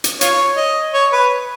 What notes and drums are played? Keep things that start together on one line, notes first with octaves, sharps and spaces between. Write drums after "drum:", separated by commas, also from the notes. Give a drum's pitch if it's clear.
drum: hi-hat
F4 C#5, drum: hi-hat
D#5
C#5
B4